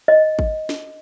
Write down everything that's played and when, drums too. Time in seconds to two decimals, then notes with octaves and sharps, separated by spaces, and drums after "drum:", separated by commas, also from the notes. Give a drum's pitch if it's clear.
0.08 D#5
0.39 drum: kick G#1
0.69 drum: snare